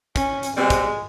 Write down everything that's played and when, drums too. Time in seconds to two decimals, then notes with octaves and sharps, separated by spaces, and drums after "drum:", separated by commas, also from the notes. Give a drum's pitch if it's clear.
0.16 C#4, drum: kick, hi-hat
0.43 drum: hi-hat
0.57 B2 G3 G#3 C4
0.70 drum: kick, hi-hat